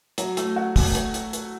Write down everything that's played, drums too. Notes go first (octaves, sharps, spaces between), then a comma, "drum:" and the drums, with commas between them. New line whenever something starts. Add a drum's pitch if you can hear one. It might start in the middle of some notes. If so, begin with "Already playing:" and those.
F#3, drum: hi-hat
A3, drum: hi-hat
F#4
A3, drum: kick, open hi-hat
drum: hi-hat
drum: hi-hat
drum: hi-hat